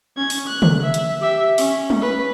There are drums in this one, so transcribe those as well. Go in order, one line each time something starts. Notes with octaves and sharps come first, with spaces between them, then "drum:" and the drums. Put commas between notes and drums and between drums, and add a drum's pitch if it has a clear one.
C#4 G#6
drum: open hi-hat
F#6
drum: tom
E5
drum: hi-hat
G4 E5
C#4, drum: open hi-hat
drum: tom
B4